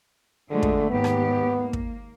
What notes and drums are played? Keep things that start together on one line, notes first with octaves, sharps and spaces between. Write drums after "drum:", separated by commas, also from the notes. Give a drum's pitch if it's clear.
D3 F3 G#3 A3
drum: kick
D#2 G#2 B3 G4
drum: rim click
A#3
drum: kick